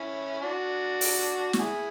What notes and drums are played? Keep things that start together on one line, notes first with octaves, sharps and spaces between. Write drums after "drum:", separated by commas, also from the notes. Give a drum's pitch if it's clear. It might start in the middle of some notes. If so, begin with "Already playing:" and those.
Already playing: C#4 E4
D4 F#4
drum: open hi-hat
F#4, drum: snare
E4 G#4